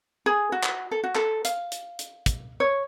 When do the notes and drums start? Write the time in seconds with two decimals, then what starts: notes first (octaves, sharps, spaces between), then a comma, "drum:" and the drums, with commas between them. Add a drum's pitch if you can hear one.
0.26 G#4
0.52 F#4
0.63 drum: clap
0.91 A4
1.04 F#4
1.15 A4, drum: clap
1.45 F5, drum: hi-hat
1.72 drum: hi-hat
1.99 drum: hi-hat
2.26 drum: kick, hi-hat
2.60 C#5